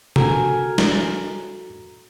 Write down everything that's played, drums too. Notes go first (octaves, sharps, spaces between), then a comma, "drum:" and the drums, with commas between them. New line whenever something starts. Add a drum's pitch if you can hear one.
F#4 A4 A#4 G#5, drum: tom C3
drum: snare